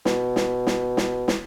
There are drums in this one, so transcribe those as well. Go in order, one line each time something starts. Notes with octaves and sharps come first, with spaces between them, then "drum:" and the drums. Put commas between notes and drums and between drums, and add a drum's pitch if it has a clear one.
B2, drum: snare
drum: snare
drum: snare
drum: snare
drum: snare